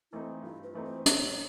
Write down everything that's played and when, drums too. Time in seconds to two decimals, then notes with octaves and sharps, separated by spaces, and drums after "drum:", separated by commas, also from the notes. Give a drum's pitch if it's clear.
0.12 E3 A3 C4 D#4 E4
0.43 G2 F4
0.63 B4
0.75 E3 A3 C4 D#4
0.85 C5
1.06 A#2 C#5, drum: hi-hat